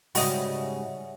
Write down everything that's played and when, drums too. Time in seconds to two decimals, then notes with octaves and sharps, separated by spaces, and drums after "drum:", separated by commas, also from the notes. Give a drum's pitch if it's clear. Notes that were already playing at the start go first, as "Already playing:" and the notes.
0.15 G#2 C#3 G3 F#4 C#5 D#5 E5 F#5, drum: open hi-hat